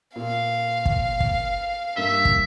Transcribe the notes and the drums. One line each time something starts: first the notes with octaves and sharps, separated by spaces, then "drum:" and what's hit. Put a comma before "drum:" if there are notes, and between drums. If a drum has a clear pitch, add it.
A#2 F5
drum: kick
drum: kick
G2 A#3 E5 G7
drum: kick